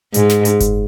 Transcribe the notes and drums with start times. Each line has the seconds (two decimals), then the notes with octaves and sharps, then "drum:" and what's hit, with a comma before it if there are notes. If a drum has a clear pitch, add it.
0.14 G#2, drum: hi-hat
0.29 drum: snare
0.45 drum: hi-hat
0.60 drum: kick F#1, hi-hat